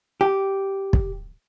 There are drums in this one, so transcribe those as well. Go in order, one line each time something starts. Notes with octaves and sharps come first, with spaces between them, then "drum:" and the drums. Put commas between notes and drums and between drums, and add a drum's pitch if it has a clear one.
G4
drum: kick